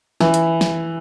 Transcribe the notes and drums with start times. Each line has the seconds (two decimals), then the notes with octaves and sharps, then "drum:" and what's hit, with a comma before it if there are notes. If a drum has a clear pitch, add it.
0.21 E3, drum: snare
0.34 drum: hi-hat
0.61 drum: snare